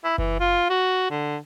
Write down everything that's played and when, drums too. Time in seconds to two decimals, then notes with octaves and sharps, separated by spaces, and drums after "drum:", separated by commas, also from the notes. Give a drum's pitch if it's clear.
0.05 E4
0.18 E3, drum: kick F#1
0.40 F4
0.70 F#4
1.11 D3